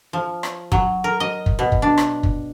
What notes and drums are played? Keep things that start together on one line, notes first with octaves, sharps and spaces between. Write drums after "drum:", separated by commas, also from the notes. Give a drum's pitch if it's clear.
F3
drum: rim click
F#3, drum: kick
A#4
D#5
drum: kick
B2
drum: kick
D4
drum: rim click
drum: kick